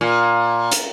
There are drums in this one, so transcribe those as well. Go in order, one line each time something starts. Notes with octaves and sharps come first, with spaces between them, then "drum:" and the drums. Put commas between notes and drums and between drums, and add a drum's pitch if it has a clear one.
A#2
drum: hi-hat